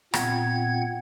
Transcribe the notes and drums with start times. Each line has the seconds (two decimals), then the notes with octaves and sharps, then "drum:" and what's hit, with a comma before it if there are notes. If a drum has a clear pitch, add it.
0.14 A#2 B3 C4 F#5 G#6, drum: rim click